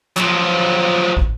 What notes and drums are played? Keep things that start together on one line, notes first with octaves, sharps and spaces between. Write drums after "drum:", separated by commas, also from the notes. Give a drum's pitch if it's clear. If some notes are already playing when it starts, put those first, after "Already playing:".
F3 F#3, drum: clap
drum: kick